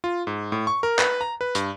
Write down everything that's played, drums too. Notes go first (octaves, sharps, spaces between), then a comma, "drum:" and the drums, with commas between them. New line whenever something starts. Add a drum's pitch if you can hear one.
F4
G#2
A2
C#6
A#4
B4, drum: clap
A#5
B4
G2, drum: hi-hat